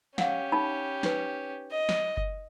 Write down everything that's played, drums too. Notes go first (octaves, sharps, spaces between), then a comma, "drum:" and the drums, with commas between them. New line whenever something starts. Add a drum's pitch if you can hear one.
C#4 G4 F5 F#5, drum: snare
D#4 A5 B5
D#4 B4, drum: snare
D#5
drum: snare
drum: kick F#1